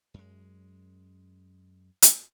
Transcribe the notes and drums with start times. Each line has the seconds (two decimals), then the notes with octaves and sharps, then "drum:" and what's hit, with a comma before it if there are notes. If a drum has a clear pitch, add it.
0.14 F#2 G#3
2.02 drum: hi-hat